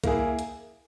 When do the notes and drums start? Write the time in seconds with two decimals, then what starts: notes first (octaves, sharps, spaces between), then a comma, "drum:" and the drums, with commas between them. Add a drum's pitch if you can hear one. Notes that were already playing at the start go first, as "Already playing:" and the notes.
0.04 A#3 E4 G#4, drum: kick, hi-hat
0.39 drum: hi-hat